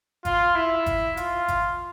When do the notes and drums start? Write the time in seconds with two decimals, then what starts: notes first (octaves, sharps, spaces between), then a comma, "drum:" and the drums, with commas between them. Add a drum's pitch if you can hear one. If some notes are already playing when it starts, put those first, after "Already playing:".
0.25 F4, drum: kick, hi-hat
0.55 E4
0.86 drum: kick, hi-hat
1.17 F4, drum: hi-hat
1.48 drum: kick, hi-hat